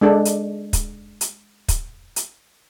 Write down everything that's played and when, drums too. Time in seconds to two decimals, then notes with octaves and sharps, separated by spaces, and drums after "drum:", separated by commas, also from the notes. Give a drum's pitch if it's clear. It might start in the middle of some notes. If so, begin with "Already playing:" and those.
0.01 G#3 D4 A4
0.25 drum: hi-hat
0.73 drum: kick, hi-hat
1.21 drum: hi-hat
1.68 drum: kick, hi-hat
2.16 drum: hi-hat